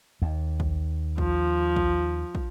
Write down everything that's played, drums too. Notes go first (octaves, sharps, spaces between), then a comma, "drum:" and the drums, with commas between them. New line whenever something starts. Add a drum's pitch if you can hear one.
D#2
drum: kick
F3, drum: kick
drum: kick
drum: kick